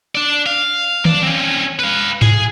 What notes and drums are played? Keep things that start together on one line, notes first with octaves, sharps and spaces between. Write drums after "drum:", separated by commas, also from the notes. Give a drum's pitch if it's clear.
D4 D5
F5
D4 D5, drum: tom D#3
C4 C#4
B4 F5
G#4, drum: tom G#2